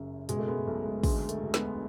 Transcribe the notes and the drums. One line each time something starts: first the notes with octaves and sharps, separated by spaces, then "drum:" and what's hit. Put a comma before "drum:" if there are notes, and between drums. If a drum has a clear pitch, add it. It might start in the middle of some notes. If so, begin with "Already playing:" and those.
Already playing: F#1 F#2
B2 G#3, drum: hi-hat
A3
G#3 B3
B1 A3
G#3
D2 G#3, drum: kick, open hi-hat
A3, drum: hi-hat
E1
G#3 B3, drum: snare